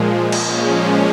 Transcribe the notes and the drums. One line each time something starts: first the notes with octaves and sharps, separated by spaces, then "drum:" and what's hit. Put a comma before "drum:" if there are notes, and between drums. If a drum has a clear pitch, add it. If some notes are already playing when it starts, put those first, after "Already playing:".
Already playing: A#2 F3 G#3
drum: cymbal
A#2 F3 G#3 C#4